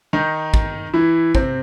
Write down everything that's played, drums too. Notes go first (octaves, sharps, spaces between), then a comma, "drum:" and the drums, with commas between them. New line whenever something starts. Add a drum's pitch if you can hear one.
D#3 D#4
drum: kick
E3 E4
C3 C4, drum: kick